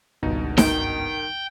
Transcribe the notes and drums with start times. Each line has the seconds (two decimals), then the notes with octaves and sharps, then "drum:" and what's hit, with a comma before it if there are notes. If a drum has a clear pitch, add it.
0.23 G#1 C#2 G2 B2 D#4
0.58 D#3 G5, drum: snare D#4